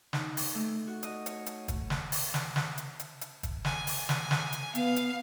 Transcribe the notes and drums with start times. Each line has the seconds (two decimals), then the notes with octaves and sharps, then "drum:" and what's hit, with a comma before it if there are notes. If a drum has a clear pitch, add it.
0.13 D#4, drum: snare
0.37 drum: open hi-hat
0.55 A3
0.87 F#4
1.03 D#5, drum: hi-hat
1.26 C#5, drum: hi-hat
1.46 drum: hi-hat
1.68 drum: kick, hi-hat
1.90 drum: snare
2.12 drum: open hi-hat
2.34 drum: snare
2.56 drum: snare
2.78 drum: hi-hat
2.99 drum: hi-hat
3.21 drum: hi-hat
3.43 drum: kick, hi-hat
3.65 G#5, drum: snare
3.87 drum: open hi-hat
4.09 drum: snare
4.31 drum: snare
4.53 drum: hi-hat
4.75 B3 F5, drum: hi-hat
4.96 drum: hi-hat